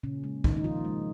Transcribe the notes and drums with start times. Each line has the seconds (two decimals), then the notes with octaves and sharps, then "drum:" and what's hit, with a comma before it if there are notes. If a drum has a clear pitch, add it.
0.03 A#2 C#3 C#4
0.24 G#3
0.44 A#2 D#3 D#4, drum: kick
0.57 D#4
0.64 A#2 F3 F4
0.85 G#3